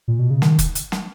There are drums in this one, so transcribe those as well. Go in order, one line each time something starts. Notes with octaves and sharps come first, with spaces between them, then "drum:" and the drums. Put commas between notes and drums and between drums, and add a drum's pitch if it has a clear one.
A#2
B2
C#3
D#3, drum: snare
drum: kick, hi-hat
drum: hi-hat
drum: snare